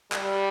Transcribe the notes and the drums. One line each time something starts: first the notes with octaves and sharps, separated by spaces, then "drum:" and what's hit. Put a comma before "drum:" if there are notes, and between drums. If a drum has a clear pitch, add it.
G3, drum: clap